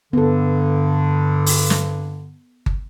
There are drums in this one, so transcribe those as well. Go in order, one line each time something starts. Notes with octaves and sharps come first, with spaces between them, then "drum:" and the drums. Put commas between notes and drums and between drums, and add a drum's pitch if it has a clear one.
G2 D3 B3 A4
drum: open hi-hat
drum: snare
drum: kick G1